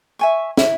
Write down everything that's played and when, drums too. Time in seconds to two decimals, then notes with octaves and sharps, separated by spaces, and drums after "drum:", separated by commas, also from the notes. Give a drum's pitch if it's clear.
0.19 E5 G#5 C#6
0.57 E4, drum: snare